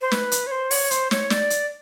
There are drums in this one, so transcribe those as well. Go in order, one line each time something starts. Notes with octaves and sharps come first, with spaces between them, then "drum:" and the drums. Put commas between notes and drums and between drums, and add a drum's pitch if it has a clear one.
C5
B4, drum: snare
drum: hi-hat
C#5
C5
C#5, drum: open hi-hat
C5, drum: hi-hat
C#5, drum: snare
D5, drum: snare
drum: hi-hat